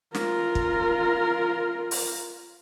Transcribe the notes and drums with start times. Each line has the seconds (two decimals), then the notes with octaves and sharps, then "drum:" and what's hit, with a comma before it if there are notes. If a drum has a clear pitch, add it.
0.15 F4 A#4, drum: snare
0.55 drum: kick
1.91 drum: open hi-hat